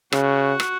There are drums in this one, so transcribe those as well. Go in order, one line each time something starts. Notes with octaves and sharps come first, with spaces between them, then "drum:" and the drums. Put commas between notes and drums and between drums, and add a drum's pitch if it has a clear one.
C#3 F#4, drum: rim click
drum: rim click